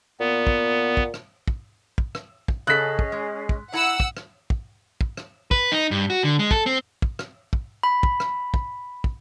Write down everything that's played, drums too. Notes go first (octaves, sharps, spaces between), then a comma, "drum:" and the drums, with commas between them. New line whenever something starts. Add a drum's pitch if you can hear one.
A#2 B3
drum: kick
drum: kick
drum: rim click
drum: kick
drum: kick
drum: rim click
drum: kick
C#3 C#4 G#4 A4 D#5 F#6 B6
drum: kick
G#3
drum: kick
E4 F#5 A#5 E6
drum: kick
drum: rim click
drum: kick
drum: kick
drum: rim click
B4, drum: kick
D#4
G2
F#4
D3
G#3
A4, drum: kick
C4
drum: kick
drum: rim click
drum: kick
B5
drum: kick
drum: rim click
drum: kick
drum: kick